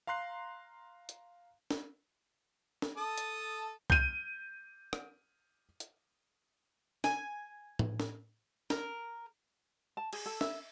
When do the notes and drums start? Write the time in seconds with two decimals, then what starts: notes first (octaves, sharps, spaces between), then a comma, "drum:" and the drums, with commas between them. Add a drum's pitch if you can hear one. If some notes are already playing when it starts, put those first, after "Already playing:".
0.07 F5 A#5 C6 F#6 C7
1.09 drum: hi-hat
1.71 drum: snare
2.82 drum: snare
2.97 A4 A5 D#6
3.18 drum: hi-hat
3.90 G6 D#7, drum: kick C2
4.93 drum: rim click
5.80 drum: hi-hat
7.04 G#5, drum: snare
7.79 drum: tom A2
8.00 drum: snare
8.70 A#4, drum: snare
9.97 A5
10.13 G#4, drum: cymbal
10.26 A4
10.41 E5, drum: snare